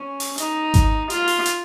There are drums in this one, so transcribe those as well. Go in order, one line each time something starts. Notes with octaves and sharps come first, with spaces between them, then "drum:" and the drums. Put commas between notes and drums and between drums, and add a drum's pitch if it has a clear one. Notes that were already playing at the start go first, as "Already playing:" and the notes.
Already playing: C#4
drum: open hi-hat
D#4, drum: hi-hat
drum: kick G#1, hi-hat
F4, drum: hi-hat
drum: open hi-hat
drum: hi-hat